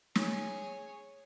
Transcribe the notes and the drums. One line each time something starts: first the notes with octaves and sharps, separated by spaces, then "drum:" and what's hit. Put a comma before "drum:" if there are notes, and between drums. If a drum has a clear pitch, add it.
G#4 C#5, drum: snare